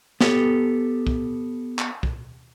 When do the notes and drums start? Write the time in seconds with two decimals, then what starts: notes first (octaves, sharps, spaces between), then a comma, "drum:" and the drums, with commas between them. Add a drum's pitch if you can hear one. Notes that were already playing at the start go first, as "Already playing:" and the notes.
0.21 B3 G4 A4, drum: snare
1.07 drum: kick
1.79 drum: clap
2.03 drum: kick